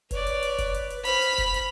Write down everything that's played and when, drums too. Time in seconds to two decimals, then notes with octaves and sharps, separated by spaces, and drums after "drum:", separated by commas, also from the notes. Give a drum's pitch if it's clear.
0.11 B4 C#5 D5, drum: kick, hi-hat
0.27 drum: hi-hat
0.43 drum: hi-hat
0.58 drum: kick, hi-hat
0.74 drum: hi-hat
0.90 drum: hi-hat
1.05 C5 B5 F6, drum: hi-hat
1.22 drum: hi-hat
1.38 drum: kick, hi-hat
1.54 drum: hi-hat